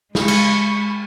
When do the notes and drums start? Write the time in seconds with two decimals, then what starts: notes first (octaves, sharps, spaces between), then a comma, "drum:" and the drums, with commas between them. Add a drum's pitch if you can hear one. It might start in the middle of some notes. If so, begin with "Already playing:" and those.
0.15 G#3 B5 C#6, drum: snare
0.28 drum: cymbal